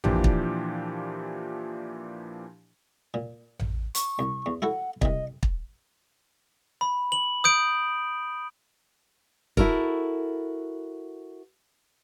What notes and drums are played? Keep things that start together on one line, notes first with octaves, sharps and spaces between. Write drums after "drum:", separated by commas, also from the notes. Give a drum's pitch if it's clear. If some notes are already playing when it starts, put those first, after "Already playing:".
A#2 E3 F3 D4 G4, drum: tom A1
drum: kick
A#2
drum: tom A1
C#6, drum: hi-hat
C2
E2
E4 F#4 A4 F#5
C2 C3 D#5, drum: kick
drum: kick
B5
F#7
D#6 G6 D7
E4 F#4 A4 A#4, drum: kick